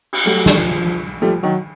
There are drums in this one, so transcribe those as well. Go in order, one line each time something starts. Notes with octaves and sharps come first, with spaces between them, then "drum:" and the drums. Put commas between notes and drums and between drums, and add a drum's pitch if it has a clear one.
drum: cymbal
F#3 G3 A3
drum: snare
F3
F3 G3 A3
D#3 F#3